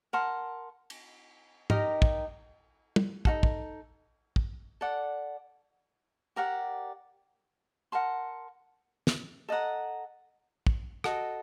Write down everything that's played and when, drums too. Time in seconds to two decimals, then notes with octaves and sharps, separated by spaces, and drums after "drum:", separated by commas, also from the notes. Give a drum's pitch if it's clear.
0.13 A#4 F#5 A5 C6
0.90 drum: cymbal
1.70 D#4 G4 A#4 D#5, drum: tom
2.02 drum: kick
2.96 drum: tom
3.25 D#4 F#4 A4, drum: kick
3.43 drum: kick
4.36 drum: kick
4.81 A4 D5 F#5
6.36 G4 A#4 D5 F#5
7.92 A#4 F#5 A5 C6
9.07 drum: snare
9.49 A4 D#5 F#5 A#5
10.67 drum: kick
11.04 F#4 A4 D#5, drum: rim click